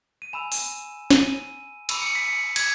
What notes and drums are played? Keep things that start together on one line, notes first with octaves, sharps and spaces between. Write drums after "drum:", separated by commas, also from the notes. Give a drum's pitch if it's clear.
D#7
G#5 B5 E6 E7
drum: open hi-hat
D#7, drum: snare
B5 E6 D#7, drum: cymbal
C#7
B6
C#7
G#6, drum: cymbal